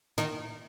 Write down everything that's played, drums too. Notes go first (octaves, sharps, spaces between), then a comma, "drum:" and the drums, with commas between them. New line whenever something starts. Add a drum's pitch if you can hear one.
D#3, drum: snare